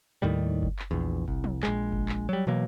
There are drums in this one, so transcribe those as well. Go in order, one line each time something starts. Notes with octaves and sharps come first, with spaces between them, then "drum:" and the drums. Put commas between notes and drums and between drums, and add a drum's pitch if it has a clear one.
D#2 A2 D#3 G3
drum: kick F#1
drum: clap
A#1 E2
C2, drum: kick F#1
drum: tom
A#1 G#3, drum: clap
drum: kick F#1
drum: clap
F#3 G3
B2 E3 F#3 A#3